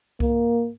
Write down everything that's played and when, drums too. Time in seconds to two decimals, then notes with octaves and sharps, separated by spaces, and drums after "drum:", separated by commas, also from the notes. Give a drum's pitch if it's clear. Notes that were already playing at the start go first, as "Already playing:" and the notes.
0.20 A#3, drum: kick C2